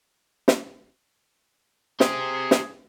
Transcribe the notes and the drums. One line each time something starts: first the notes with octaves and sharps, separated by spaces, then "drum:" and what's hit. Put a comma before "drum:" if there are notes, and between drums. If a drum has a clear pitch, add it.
drum: snare
G4 G#4 C5, drum: snare
drum: snare